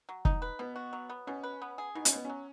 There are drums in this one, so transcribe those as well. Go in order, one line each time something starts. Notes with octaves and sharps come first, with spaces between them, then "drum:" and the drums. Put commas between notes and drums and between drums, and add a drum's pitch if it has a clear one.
F#3
D#4, drum: kick
B4
B2 B3
F#4
F#3
B3
B2 C#4
B4
B3
G#4
B2 D#4
C#4, drum: hi-hat
B2 B3
F#3 C#4